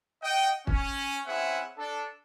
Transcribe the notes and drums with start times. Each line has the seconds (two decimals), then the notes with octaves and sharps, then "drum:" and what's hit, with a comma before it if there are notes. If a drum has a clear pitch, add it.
0.23 D#5 F#5 G5
0.67 C#4, drum: kick
1.27 C4 C#4 E4 G#4 E5 F#5
1.78 D4 A4